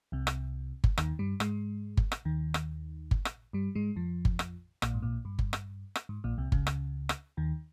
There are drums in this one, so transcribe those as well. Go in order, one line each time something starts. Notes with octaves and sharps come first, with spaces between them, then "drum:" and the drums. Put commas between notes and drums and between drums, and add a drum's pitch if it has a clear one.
C2 C3
drum: rim click
drum: kick G1
D#2 D#3, drum: rim click
G2 G3
G#2 G#3, drum: rim click
drum: kick G1
drum: rim click
D#2 D#3
drum: rim click
drum: kick G1
drum: rim click
G2 G3
G#2 G#3
F2 F3
drum: kick G1
drum: rim click
A#1 A#2, drum: rim click
G#2
A#1 A#2
G2
drum: kick G1
drum: rim click
drum: rim click
G#2
A#1 A#2
C2 C3
C#2 C#3, drum: kick G1
drum: rim click
drum: rim click
D#2 D#3